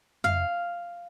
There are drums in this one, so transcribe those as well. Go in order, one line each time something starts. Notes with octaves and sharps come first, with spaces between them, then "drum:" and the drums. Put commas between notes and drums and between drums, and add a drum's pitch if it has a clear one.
F5, drum: tom F2